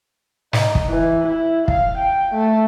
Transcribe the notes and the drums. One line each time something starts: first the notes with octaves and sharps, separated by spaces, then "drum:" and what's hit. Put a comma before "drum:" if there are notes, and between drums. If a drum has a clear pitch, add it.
D#4, drum: snare
drum: kick
E3
E4
F5, drum: kick
G5
A3